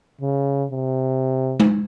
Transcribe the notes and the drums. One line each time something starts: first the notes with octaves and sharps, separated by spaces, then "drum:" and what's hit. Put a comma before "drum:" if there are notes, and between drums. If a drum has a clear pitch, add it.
C#3
C3
drum: tom G#3